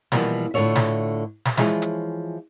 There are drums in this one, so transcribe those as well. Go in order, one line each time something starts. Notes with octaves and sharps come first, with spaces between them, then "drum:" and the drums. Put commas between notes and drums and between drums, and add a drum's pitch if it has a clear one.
B2 E3 F3 G3 A#3 B3, drum: snare
A2 D3 A#3 F4 C#5 E5
drum: snare
drum: snare
E3 F3 G#3 F4 C#5, drum: snare
drum: hi-hat